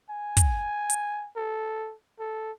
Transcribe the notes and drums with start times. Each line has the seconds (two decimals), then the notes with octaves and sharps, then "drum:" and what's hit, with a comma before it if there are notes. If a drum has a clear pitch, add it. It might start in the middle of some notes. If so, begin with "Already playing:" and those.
0.10 G#5
0.37 drum: kick, hi-hat
0.90 drum: hi-hat
1.36 A4
2.20 A4